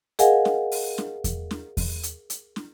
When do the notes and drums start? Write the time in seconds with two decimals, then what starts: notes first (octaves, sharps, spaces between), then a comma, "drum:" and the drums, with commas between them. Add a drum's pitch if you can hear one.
0.19 G#4 A#4 D#5 F5 F#5 G#5, drum: hi-hat
0.45 drum: snare
0.72 drum: open hi-hat
0.98 drum: snare
1.24 drum: kick E2, hi-hat
1.51 drum: snare
1.77 drum: kick E2, open hi-hat
2.03 drum: hi-hat
2.30 drum: hi-hat
2.56 drum: snare